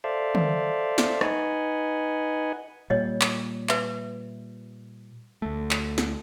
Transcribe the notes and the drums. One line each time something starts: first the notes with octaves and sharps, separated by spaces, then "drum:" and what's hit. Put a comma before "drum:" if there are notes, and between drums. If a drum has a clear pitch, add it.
A4 C5 D5 E5 F5
drum: tom
drum: snare
D#4 B4 D#5 F#5 G#5, drum: rim click
A#2 G3 C#5 D#5
drum: clap
B4 E5, drum: clap
D2 A3
drum: clap
drum: snare